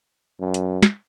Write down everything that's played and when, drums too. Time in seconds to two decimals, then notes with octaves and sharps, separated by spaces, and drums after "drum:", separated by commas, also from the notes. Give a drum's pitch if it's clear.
0.40 F#2
0.54 drum: hi-hat
0.83 drum: snare